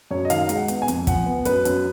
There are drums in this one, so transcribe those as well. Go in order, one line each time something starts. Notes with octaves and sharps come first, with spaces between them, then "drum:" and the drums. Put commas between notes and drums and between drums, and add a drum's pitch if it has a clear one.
F#2 C#5
D#5
D#3 F5, drum: hi-hat
G#3, drum: hi-hat
F#5
B3, drum: hi-hat
G#5
F2, drum: hi-hat
F3 F#5, drum: kick, hi-hat
B3
F#2 B4, drum: hi-hat
F#2, drum: hi-hat